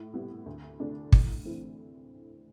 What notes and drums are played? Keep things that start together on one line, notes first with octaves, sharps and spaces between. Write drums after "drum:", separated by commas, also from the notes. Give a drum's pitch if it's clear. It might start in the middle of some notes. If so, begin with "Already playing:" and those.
Already playing: A2
G3 B3 E4 G4
D2
D3 A3 D4
A2, drum: kick
E3 A3 C4 E4